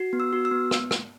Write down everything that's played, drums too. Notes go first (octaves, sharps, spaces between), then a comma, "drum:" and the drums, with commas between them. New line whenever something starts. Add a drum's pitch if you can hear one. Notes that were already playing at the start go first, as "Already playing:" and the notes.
Already playing: F#4
B3
E6
F#4
E6
B3
drum: rim click
drum: rim click